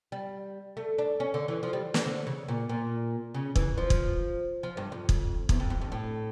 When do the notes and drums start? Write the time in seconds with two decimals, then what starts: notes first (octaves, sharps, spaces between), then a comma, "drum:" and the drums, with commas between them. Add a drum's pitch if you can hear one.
0.12 G3
0.77 A3
0.98 D4
1.20 C#4
1.34 D3
1.48 E3
1.63 F3
1.73 G3
1.94 E3, drum: snare
2.06 D3
2.27 C#3
2.48 A#2
2.69 A#2
3.34 C#3
3.56 E3, drum: kick
3.78 F3
3.90 drum: kick
4.63 F3
4.77 G2
4.92 F2
5.09 drum: kick
5.49 E2, drum: kick
5.60 F2
5.70 F2
5.81 G2
5.92 A2